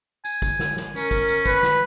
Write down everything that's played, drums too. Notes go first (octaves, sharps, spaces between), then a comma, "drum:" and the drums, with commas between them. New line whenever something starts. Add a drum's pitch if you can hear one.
G#5, drum: tambourine
drum: kick, tambourine
drum: snare
drum: snare
C#4 A#4, drum: tambourine
drum: kick, tambourine
drum: tambourine
B4, drum: kick, tambourine
drum: snare